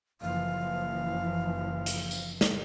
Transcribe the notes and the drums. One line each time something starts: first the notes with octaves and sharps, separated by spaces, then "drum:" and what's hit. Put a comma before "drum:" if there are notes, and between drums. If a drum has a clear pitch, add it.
F#1 E3 F3 F5
drum: hi-hat
drum: tambourine
drum: snare